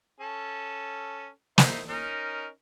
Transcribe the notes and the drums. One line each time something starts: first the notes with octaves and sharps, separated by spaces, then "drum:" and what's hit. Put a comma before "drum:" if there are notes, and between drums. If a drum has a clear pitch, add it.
C#4 A4
D#4 E4 C5, drum: snare
C#4 D#4 A#4